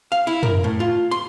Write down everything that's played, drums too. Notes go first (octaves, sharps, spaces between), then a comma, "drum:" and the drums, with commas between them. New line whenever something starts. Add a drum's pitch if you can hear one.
F5
E4
A#4, drum: tom
A2
F4
C6